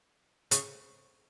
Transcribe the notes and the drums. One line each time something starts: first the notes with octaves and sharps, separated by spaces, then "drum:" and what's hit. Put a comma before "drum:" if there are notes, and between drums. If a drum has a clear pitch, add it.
C#3, drum: hi-hat